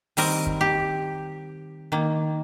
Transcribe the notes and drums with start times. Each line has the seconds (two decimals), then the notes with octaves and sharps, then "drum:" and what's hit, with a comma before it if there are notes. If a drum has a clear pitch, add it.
0.17 D#3 G3 C4 A#4, drum: open hi-hat
0.46 drum: kick
0.61 G4
1.92 D#3 A#3